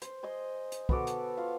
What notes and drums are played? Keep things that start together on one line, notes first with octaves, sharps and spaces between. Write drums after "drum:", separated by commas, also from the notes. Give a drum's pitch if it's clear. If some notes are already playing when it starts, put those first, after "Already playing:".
C5, drum: hi-hat
G#4 C5 D#5
drum: hi-hat
B3 F#4 A4 D6, drum: kick
drum: hi-hat
F4 F5